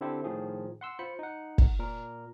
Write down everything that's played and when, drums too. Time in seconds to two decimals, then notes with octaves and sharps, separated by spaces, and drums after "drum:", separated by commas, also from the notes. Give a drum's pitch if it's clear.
0.01 D3 C4 E4 G4 A4 C5
0.24 A2 D#3 F3 G#4
0.81 F#5 C6 E6
0.99 F4 C5 B5 C#7
1.19 D#4 F#5
1.58 drum: kick
1.79 A#2 A#4